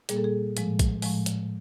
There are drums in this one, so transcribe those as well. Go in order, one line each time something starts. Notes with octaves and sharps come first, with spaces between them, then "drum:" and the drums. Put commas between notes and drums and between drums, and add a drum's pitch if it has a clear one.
A#2 G3 A#3 G#4, drum: hi-hat
A4
G#4
A2 F3 G#3, drum: hi-hat
drum: kick, hi-hat
A2 F3 G#3, drum: open hi-hat
drum: hi-hat